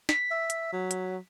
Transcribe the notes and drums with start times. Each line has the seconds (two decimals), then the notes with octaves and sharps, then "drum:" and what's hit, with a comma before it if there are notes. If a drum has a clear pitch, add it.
0.09 B6, drum: snare
0.31 E5
0.50 drum: hi-hat
0.73 F#3
0.91 drum: hi-hat